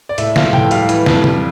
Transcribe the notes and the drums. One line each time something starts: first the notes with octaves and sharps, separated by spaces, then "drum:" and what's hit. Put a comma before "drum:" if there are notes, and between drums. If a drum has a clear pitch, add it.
D5
A2 E5, drum: hi-hat
F3 F5, drum: snare
A2 G5, drum: tom
G3 F5, drum: hi-hat
E3, drum: hi-hat
F2, drum: snare
G3, drum: tom